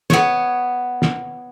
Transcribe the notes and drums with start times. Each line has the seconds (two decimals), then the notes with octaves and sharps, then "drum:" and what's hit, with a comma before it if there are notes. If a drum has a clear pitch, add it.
0.10 B3 C#5, drum: snare
1.02 drum: snare